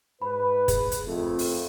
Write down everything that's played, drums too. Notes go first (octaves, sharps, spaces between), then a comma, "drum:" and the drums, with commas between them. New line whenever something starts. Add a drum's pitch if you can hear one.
G#2 B4 B5
G#4, drum: kick, hi-hat
drum: hi-hat
F2 A3
drum: open hi-hat